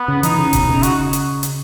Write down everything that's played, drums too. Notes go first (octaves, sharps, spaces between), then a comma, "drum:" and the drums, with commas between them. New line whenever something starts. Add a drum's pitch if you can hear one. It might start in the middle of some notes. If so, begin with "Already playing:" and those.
Already playing: B3
C#3
E3 D#4, drum: hi-hat
C#3
B2, drum: kick F1, hi-hat
C#3
F#4, drum: hi-hat
drum: hi-hat
drum: hi-hat